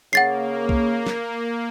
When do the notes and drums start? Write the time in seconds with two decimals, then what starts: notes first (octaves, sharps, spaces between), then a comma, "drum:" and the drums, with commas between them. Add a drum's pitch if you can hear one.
0.13 C#3 A#3 F#5 A6 C7
0.69 drum: kick
1.07 drum: snare